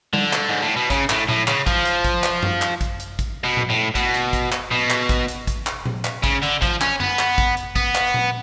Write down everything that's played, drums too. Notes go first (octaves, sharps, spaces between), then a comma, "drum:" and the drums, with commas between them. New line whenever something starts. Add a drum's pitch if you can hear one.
D3, drum: tom G3
drum: clap
G#2
A2
B2
C#3, drum: kick, hi-hat
A2, drum: clap
A2, drum: tom A#2
C#3, drum: clap
F3, drum: kick, hi-hat
drum: hi-hat
drum: kick, hi-hat
drum: clap
drum: tom F#2
drum: clap
drum: kick, hi-hat
drum: hi-hat
drum: kick, hi-hat
B2
drum: tom A#2
A2
B2, drum: kick, hi-hat
drum: hi-hat
drum: kick, hi-hat
drum: clap
B2, drum: tom A#2
drum: clap
drum: kick, hi-hat
drum: hi-hat
drum: kick, hi-hat
drum: clap
drum: tom A#2
drum: clap
C#3, drum: kick, hi-hat
D3, drum: hi-hat
F3, drum: kick, hi-hat
C#4, drum: clap
B3, drum: tom F#2
drum: clap
drum: kick, hi-hat
drum: hi-hat
B3, drum: kick, hi-hat
drum: clap
drum: tom A#2